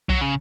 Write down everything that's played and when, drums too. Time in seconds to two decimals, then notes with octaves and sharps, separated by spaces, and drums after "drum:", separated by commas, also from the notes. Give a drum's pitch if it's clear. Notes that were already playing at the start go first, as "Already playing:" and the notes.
0.09 F#3, drum: kick B1
0.21 C#3